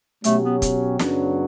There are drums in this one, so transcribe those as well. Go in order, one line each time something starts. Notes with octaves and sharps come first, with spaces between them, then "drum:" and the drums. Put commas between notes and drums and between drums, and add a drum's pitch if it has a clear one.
B2 F#3 A3 C#4 G4, drum: hi-hat
B3
drum: kick, hi-hat
F#2 C#3 F#3 B3 D4, drum: snare